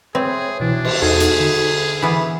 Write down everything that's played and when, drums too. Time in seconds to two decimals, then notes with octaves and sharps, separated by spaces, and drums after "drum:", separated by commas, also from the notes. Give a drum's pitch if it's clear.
0.15 C4 G#4 B4 C#5 E5
0.60 C2 B2 E3 D4
0.85 drum: cymbal
1.02 E2 D#4 F#4 G#4 A4
1.20 drum: hi-hat
1.40 D3
2.02 E3 B3 E5